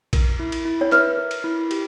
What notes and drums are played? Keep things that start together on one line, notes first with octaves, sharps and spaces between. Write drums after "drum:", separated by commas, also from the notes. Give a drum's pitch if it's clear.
A#4, drum: kick A#1, cymbal
E4
drum: cymbal
E4
C#5
B4 E5, drum: clap
A#4
drum: cymbal
E4
G4, drum: cymbal